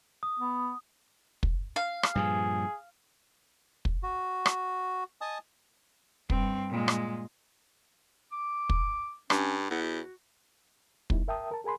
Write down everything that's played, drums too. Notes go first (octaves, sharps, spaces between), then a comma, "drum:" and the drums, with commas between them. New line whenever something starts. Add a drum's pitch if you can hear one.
D#6
B3
drum: kick
F5
drum: rim click
G2 A#2 F3 G#4
drum: kick
F#4
drum: rim click
D#5 G#5 A5 D#6
G2 C4, drum: kick
A#2 G#3
drum: rim click
D6
drum: kick
G2 C#4, drum: rim click
E2 F#5
F#4
G3 B3 D#4 E4, drum: kick
A#4 E5 G5 A5 D#6
A#4 A5
G#4 A#4 G#5 B5 C6